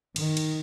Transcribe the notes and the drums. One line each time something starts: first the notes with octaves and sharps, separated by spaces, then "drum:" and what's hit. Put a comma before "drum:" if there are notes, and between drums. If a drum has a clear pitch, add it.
D#3, drum: cymbal
drum: cymbal